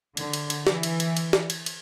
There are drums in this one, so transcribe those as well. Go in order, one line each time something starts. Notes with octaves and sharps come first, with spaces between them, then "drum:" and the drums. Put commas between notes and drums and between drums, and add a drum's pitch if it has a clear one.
D3, drum: cymbal
drum: cymbal
drum: cymbal
E3, drum: snare
drum: cymbal
drum: cymbal
drum: cymbal
drum: snare
drum: cymbal
drum: cymbal